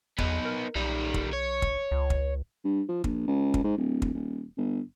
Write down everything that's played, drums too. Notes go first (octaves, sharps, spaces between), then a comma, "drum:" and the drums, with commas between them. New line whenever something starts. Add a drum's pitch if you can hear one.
E2 B3 D#4, drum: kick
A#4
B1 D#3 G3
drum: kick
C#5
drum: kick
C#2
drum: kick
G2
F3
A#1, drum: kick
C#2
drum: kick
G#2
D1
drum: kick
D#1
G1